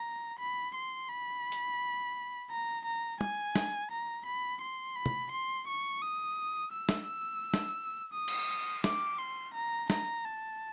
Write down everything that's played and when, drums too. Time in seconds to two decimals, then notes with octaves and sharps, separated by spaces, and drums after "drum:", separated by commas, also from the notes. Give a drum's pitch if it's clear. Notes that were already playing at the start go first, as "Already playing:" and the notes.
Already playing: A#5
0.39 B5
0.75 C6
1.09 B5
1.52 drum: hi-hat
2.51 A#5
2.85 A#5
3.21 G#5, drum: tom
3.56 drum: snare
3.91 A#5
4.26 B5
4.61 C6
4.96 B5
5.06 drum: tom
5.31 C6
5.67 C#6
6.02 D#6
6.72 E6
6.89 drum: snare
7.07 E6
7.54 drum: snare
8.13 D#6
8.28 drum: cymbal
8.84 D6, drum: snare
9.18 C6
9.54 A#5
9.90 A#5, drum: snare
10.25 A5